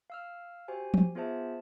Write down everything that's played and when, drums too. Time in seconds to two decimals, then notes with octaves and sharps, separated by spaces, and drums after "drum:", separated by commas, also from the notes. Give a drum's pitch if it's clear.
0.10 F5 E6 F6
0.68 F#4 G4 C5 G#5
0.94 drum: tom F3
1.15 B3 F4 G#4 C5 E5 A5